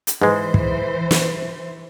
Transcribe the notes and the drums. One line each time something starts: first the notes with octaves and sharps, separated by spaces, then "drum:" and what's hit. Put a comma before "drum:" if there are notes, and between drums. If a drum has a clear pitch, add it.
drum: hi-hat
G#2 E3 G#3 B4 C5
drum: kick
drum: snare